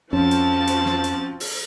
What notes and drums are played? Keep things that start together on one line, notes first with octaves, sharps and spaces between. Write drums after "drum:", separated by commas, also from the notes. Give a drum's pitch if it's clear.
F2 F3 C4 C#4 F#4 A5
drum: hi-hat
drum: hi-hat
drum: snare
drum: hi-hat
drum: open hi-hat